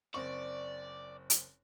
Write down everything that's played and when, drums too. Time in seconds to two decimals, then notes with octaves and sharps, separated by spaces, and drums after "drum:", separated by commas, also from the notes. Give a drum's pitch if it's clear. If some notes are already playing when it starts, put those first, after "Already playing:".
0.14 F#1 C4 D5 C#6
1.30 drum: hi-hat